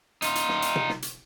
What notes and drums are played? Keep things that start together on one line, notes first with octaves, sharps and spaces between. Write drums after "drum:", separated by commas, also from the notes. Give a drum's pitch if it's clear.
D#4 F4, drum: hi-hat
drum: hi-hat
drum: snare
drum: hi-hat
drum: tom
drum: snare
drum: hi-hat